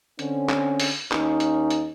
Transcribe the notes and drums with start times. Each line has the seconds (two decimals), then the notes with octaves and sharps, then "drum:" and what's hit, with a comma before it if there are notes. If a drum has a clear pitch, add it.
0.19 D3 C4 C#4, drum: hi-hat
0.49 drum: clap
0.80 drum: open hi-hat
1.12 D#2 C#4 D#4, drum: clap
1.40 drum: hi-hat
1.70 drum: hi-hat